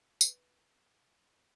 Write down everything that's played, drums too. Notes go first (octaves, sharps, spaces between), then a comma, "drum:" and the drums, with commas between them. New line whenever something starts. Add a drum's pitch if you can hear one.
B4, drum: tambourine